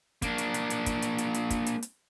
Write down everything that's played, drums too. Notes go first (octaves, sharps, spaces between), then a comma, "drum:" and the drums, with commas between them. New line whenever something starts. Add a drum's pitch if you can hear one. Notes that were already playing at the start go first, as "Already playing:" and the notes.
A#3 D4, drum: kick, hi-hat
drum: hi-hat
drum: hi-hat
drum: hi-hat
drum: kick, hi-hat
drum: hi-hat
drum: hi-hat
drum: hi-hat
drum: kick, hi-hat
drum: hi-hat
drum: hi-hat